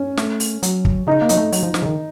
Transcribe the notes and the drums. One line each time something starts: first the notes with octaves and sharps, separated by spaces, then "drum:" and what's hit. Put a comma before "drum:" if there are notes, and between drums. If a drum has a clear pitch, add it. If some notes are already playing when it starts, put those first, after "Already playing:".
Already playing: C#4
A3, drum: snare
drum: open hi-hat
F#3, drum: hi-hat
drum: kick
C#3 D#4
A#3
F#3 D#4, drum: hi-hat
A3
F#3, drum: open hi-hat
F3
F3, drum: snare
C#3
D#3